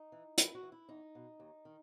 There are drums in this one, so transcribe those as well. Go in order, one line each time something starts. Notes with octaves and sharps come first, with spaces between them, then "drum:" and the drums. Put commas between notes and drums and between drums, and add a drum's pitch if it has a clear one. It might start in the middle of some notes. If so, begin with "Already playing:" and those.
Already playing: D#4
E3
F#2 E4, drum: hi-hat
F#4
E3
E4
E2 D#4
B2
D#2
D#3